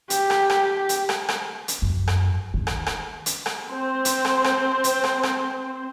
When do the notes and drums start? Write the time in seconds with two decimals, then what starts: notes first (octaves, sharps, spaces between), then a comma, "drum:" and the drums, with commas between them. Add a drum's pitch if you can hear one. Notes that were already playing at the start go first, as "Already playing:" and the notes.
0.10 G4, drum: hi-hat
0.30 drum: rim click
0.50 drum: rim click
0.89 drum: hi-hat
1.09 drum: rim click
1.29 drum: rim click
1.68 drum: hi-hat
1.82 F#2
2.07 drum: rim click
2.54 D#3
2.67 drum: rim click
2.86 drum: rim click
3.26 drum: hi-hat
3.46 drum: rim click
3.71 C4 C5
4.05 drum: hi-hat
4.25 drum: rim click
4.44 drum: rim click
4.84 drum: hi-hat
5.04 drum: rim click
5.23 drum: rim click